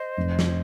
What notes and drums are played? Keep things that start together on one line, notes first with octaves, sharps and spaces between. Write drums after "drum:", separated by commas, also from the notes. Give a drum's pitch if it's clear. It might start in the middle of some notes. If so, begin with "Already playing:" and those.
Already playing: C5 D#5
F1
drum: snare